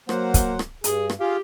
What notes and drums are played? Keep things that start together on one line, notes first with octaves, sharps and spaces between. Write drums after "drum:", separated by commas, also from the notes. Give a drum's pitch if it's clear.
F#3 A#3 C5 F#5, drum: rim click
drum: kick, hi-hat
drum: rim click
G2 G#4, drum: hi-hat
drum: rim click
F4 G4 G#4 F5